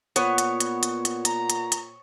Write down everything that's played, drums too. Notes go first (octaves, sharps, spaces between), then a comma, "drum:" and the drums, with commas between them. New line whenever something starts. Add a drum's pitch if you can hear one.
A#2 B3 C#5, drum: hi-hat
drum: hi-hat
drum: hi-hat
drum: hi-hat
drum: hi-hat
A#5, drum: hi-hat
drum: hi-hat
drum: hi-hat